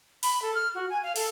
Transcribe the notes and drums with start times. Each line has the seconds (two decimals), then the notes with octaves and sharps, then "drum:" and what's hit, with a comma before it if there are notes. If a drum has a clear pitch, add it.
0.23 B5, drum: open hi-hat
0.42 A4
0.55 F6
0.75 F#4
0.90 G#5
1.03 F5
1.16 A4, drum: open hi-hat